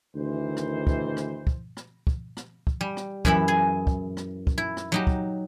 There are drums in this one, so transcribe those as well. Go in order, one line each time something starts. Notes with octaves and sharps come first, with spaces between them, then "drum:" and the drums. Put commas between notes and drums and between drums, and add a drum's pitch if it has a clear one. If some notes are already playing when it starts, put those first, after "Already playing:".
D2 D#3 E3 C5
drum: rim click
drum: kick
drum: rim click
drum: kick
drum: rim click
drum: kick
drum: rim click
drum: kick
G3
drum: rim click
F#2 E3 E4 E5 B5, drum: kick
G#4
drum: kick
drum: rim click
drum: kick
E4
drum: rim click
F#3 D#4 G4
drum: kick